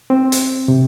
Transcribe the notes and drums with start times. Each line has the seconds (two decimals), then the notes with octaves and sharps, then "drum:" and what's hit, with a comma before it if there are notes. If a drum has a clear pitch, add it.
0.10 C4
0.32 drum: hi-hat
0.68 C3